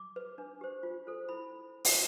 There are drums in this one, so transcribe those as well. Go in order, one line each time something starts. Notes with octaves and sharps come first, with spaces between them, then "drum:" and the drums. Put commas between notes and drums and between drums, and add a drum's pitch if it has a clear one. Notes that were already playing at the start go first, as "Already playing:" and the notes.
Already playing: D6
B4
D4
G4 C5
F4
A4 C5
E4 B5
drum: open hi-hat